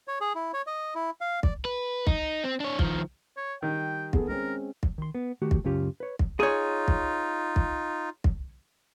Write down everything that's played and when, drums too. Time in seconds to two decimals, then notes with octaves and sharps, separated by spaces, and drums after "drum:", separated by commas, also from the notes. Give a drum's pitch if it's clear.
0.08 C#5
0.21 G#4
0.35 E4
0.53 C#5
0.67 D#5
0.95 E4
1.21 F5
1.43 D5, drum: kick
1.65 B4
2.07 D#4, drum: kick
2.44 C4
2.60 D4 C#5
2.79 D#3 F3, drum: kick
3.37 C#5
3.62 D#3 G3 G5
4.13 B3 G#4 A4, drum: kick
4.29 G#3 C4 C#4 A#4
4.83 drum: kick
4.98 D#3 C6
5.15 B3
5.42 D#3 A3 F#4 G4
5.51 drum: kick
5.64 C#2 F#2 C#3 C#4 F4 G4
6.00 B4 C#5
6.19 drum: kick
6.40 D#4 F4 G#4 C#5
6.88 drum: kick
7.56 drum: kick
8.24 drum: kick